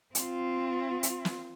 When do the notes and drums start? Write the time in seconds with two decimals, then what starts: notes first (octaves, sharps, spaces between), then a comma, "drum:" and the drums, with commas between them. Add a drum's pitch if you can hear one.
0.15 C4 F4, drum: hi-hat
1.03 drum: hi-hat
1.25 drum: snare